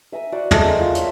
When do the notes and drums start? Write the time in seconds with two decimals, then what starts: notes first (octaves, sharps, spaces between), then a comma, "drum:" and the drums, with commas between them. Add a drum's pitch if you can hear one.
0.12 E5 G#5 A#5 D#6
0.32 F#4 C5 D5 F#5
0.51 G#3 A4 E5, drum: tom
0.67 A#4 C5 G#5 A5
0.80 F4
0.95 C#5 E5, drum: hi-hat